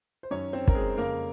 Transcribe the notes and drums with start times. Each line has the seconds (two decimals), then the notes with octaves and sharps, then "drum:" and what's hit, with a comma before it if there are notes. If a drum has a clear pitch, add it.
0.23 C5
0.31 F#2 D#3 F#3 C#4 C#5
0.53 C4 C5
0.68 A#4, drum: kick
0.75 G#3 G#4
0.98 F2 C#3 G#3 A#3 A#4